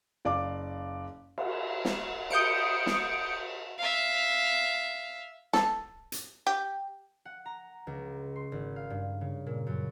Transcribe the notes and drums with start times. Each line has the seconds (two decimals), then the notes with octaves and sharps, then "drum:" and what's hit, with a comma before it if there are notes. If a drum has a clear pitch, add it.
0.25 F#1 D5 F5 D6
1.38 drum: cymbal
1.85 drum: snare
2.30 D#6 G6 C#7 D7, drum: cymbal
2.86 drum: snare
3.79 E5 F5
5.53 A4, drum: snare
6.12 drum: hi-hat
6.47 G4
7.25 F#5
7.46 A#5
7.87 C#2
8.36 C6
8.52 G#1
8.76 F5
8.90 G2
9.21 C#3
9.46 A#2
9.67 F#2